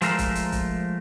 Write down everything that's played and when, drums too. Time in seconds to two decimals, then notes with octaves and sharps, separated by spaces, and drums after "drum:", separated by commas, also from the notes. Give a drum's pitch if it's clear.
0.02 F3 G#3 A3 A#4 C5, drum: hi-hat
0.18 drum: kick, hi-hat
0.35 drum: hi-hat
0.52 drum: kick, hi-hat